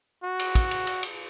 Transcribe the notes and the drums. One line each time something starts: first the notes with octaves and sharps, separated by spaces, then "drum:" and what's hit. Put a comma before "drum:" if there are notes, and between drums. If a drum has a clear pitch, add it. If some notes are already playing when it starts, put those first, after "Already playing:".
F#4
drum: cymbal
drum: kick, cymbal
drum: cymbal
drum: cymbal
drum: cymbal